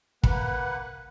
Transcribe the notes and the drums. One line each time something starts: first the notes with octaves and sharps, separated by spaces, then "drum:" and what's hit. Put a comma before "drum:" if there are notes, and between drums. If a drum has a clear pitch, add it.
A#3 B4 F#5, drum: kick